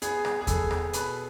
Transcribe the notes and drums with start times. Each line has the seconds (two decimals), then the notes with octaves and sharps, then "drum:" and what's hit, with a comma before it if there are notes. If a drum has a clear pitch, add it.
0.02 B3 G#4, drum: hi-hat
0.25 drum: rim click
0.41 G#4
0.47 B3 A4, drum: kick E2, hi-hat
0.71 drum: rim click
0.93 B2 B4, drum: hi-hat